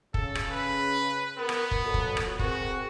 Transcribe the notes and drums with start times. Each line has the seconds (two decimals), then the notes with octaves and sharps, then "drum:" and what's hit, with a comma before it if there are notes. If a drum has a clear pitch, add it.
0.14 C#3 A4, drum: kick
0.35 drum: rim click
0.51 B4
1.38 B3 A#4
1.49 drum: rim click
1.71 drum: kick
1.82 F2 F#3 A4
1.94 drum: kick
2.17 drum: rim click
2.39 C4 F#4 G#4 A#4, drum: kick